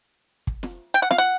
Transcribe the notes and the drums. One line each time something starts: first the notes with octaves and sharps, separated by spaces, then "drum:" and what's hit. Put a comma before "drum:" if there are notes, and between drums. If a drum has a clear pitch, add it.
drum: kick
drum: snare
G5
F#5
F5, drum: snare
F#5